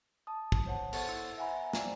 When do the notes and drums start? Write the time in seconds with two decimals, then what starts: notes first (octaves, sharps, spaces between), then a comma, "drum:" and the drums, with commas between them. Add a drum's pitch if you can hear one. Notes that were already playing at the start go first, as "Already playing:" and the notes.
0.27 A5 D#6
0.52 drum: kick
0.66 C5 C#5 F#5 A5
0.93 B3 A4 C5 F#5 C#6 A6, drum: cymbal
1.09 E4 C6 E6 C#7
1.37 C5 E5 F#5 G#5 A#5 B5
1.73 C5 D5 F5 G5 G#5 A#5, drum: snare